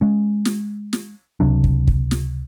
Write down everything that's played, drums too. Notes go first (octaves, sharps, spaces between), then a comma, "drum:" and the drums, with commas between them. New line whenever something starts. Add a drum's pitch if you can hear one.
G#3 C#4
drum: snare
drum: snare
C#2 C3 F#3 D4
drum: kick
drum: kick
drum: snare